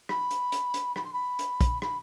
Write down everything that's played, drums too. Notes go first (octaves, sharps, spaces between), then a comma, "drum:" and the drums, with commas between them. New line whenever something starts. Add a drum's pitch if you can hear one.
B5, drum: rim click
drum: hi-hat
drum: hi-hat
drum: hi-hat
B5, drum: rim click
C6
B5
drum: hi-hat
drum: kick, hi-hat
B5, drum: rim click